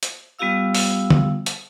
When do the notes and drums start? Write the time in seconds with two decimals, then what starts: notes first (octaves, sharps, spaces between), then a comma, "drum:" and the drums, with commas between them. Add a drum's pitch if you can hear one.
0.03 drum: hi-hat
0.39 G3 B3 F4 G4 F5 E6
0.75 drum: open hi-hat
1.10 drum: tom D3
1.46 drum: hi-hat